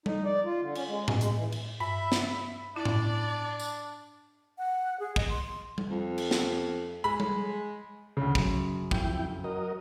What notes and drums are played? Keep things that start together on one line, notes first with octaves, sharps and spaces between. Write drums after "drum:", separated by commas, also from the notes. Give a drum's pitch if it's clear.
D#4, drum: tom G3
D5
F4
D3
C#4, drum: cymbal
G#3
B2, drum: tom A2
G#3, drum: hi-hat
E3
drum: cymbal
G2 E5 B5
drum: snare
D4 E4 D5
drum: tom A2
drum: tambourine
F#5
G#4
D#5, drum: kick
C6
drum: tom G3
F2
drum: cymbal
drum: snare
G#3 B5
drum: tom G3
D2 C#3
F#2 C#3, drum: kick
F2 E4 G5, drum: kick
F#3 A#4 D#5